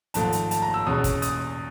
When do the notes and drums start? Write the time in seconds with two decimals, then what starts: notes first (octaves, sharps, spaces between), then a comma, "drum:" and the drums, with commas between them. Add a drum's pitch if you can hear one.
0.14 G#1 G#2 F3 A3 A5, drum: hi-hat
0.32 drum: hi-hat
0.51 A5, drum: hi-hat
0.62 A#5
0.74 E6
0.86 E2 B2 G#3 C#4 D#6
1.04 drum: kick, hi-hat
1.22 D#6, drum: hi-hat